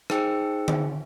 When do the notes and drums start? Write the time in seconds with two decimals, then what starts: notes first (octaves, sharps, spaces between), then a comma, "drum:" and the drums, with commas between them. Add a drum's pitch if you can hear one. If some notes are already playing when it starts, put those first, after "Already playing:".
0.10 D#4 G#4 C5 G5 E6 C#7, drum: rim click
0.68 drum: tom D3